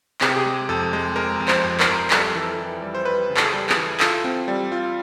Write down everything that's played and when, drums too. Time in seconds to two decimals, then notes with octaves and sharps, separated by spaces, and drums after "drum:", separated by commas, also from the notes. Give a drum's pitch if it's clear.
0.21 C3 G#4, drum: clap
0.29 G4
0.36 G#4
0.46 G#3
0.69 F2 A4
0.93 G#3
1.16 G#3 A#4
1.40 F2
1.48 C5, drum: clap
1.63 F2
1.80 A#4, drum: clap
1.88 F2
2.10 G3 A4, drum: clap
2.24 A#4
2.35 E3 A4
2.58 E3
2.82 G3
2.95 C5
3.05 G3 B4
3.30 C#3
3.37 A4, drum: clap
3.44 G#4
3.52 G3 A4
3.69 G#4, drum: clap
3.76 E3
4.00 F4 A4, drum: clap
4.24 C4
4.48 G3
4.72 F4